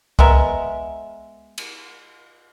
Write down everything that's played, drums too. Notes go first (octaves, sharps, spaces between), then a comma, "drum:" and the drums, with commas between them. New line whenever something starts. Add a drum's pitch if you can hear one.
G#3 B3 A#4 E5, drum: kick C2
drum: cymbal